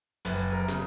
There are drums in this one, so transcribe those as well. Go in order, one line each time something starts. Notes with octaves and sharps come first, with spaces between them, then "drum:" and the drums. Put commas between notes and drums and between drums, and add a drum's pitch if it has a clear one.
F#1 B4, drum: open hi-hat
A#4
C#3, drum: hi-hat